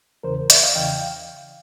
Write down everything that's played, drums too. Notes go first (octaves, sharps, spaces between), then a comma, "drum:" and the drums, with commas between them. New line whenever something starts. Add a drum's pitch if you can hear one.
E2 C#3 E3 A#4 C5
D5 E5, drum: hi-hat
D#5 F5
E2 C#3 E3 F5 G5